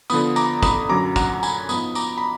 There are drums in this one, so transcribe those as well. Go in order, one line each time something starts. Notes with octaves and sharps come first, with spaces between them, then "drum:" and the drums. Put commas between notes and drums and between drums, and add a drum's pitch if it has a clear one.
D3 F3 B3 B5 D#6, drum: tambourine
A#5 D6, drum: tambourine
B5 D#6, drum: kick, tambourine
F#2 D3 F#3 A#5 D6
F#5 A#5, drum: kick, tambourine
G#5 B5, drum: tambourine
G#2 F3 B3 B5 D#6, drum: tambourine
A#5 D6, drum: tambourine
B5